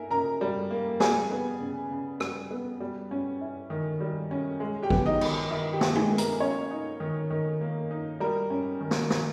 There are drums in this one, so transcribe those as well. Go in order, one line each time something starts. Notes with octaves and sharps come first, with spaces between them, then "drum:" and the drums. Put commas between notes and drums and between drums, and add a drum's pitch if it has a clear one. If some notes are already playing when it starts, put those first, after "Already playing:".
Already playing: A#3 D#4 A#4 E5 G#5
C#3 A#4 A#5
G3
A#3
G3 G#4 G#5, drum: snare
B3
C#3
C#3
G3, drum: rim click
B3
G3
C#4
E4
D#3
G3
C#4
G#3
G4 G5
B3, drum: kick A1
D#4 D#5
D#3, drum: cymbal
D#3 E4 E5
G4 G5
G#3, drum: snare
G#4 G#5, drum: tom G#3
B3
A#4 A#5, drum: hi-hat
A#3 C#4 C#5
D#4
D#3
D#3
A#3
D#4
G3 A#4
C#4
D#3
drum: snare
D#3, drum: snare